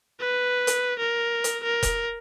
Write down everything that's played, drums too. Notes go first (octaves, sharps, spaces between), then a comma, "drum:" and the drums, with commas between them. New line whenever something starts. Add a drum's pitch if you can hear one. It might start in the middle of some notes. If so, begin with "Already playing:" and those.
B4
drum: hi-hat
A#4
drum: hi-hat
A#4
drum: kick F1, hi-hat